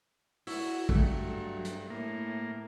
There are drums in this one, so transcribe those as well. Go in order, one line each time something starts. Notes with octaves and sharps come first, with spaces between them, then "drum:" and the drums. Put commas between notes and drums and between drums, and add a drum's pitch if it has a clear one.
E4 F#4, drum: open hi-hat
G2 F#3 A3, drum: kick A#1
drum: hi-hat
A2 A#3